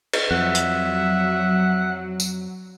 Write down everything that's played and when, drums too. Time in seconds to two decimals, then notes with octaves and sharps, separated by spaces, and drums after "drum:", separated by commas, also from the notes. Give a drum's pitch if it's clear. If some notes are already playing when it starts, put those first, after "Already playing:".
0.13 drum: cymbal
0.31 F2 F#3 E5 F#5
0.55 drum: hi-hat
2.20 drum: tambourine